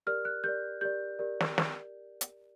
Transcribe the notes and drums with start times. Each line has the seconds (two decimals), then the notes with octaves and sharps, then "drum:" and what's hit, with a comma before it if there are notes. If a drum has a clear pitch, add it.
0.07 G4 A#4 D5 F6
0.25 F#6
0.44 G4 A#4 D5 G6
0.81 G4 A#4 D5 G6
1.19 G4 A#4 D5
1.40 drum: snare
1.58 drum: snare
2.21 drum: hi-hat